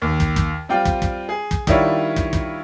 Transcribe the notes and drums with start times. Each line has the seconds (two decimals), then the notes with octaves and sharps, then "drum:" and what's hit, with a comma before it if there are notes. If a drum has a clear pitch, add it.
0.02 D#2
0.20 drum: kick
0.36 drum: kick
0.69 G3 C4 F4 D5 G5
0.85 drum: kick
1.02 drum: kick
1.29 G#4
1.51 drum: kick
1.67 D#3 G3 D4 E4 F4 C#5, drum: kick
2.16 drum: kick
2.33 drum: kick